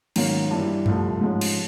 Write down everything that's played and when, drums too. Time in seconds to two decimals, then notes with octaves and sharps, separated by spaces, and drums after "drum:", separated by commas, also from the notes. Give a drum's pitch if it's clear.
0.16 G#2 D#3 F#3 A#3 C#4, drum: cymbal
0.51 G2 E3 G3
0.86 C2 C3 F3 A3, drum: tom F#2
1.21 G#2 F3 G#3 C#4
1.41 drum: cymbal